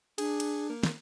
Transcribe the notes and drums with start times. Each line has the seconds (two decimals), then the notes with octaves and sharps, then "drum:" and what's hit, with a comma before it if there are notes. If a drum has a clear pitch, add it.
0.18 D4 G#4, drum: cymbal
0.40 drum: cymbal
0.69 A#3
0.83 drum: snare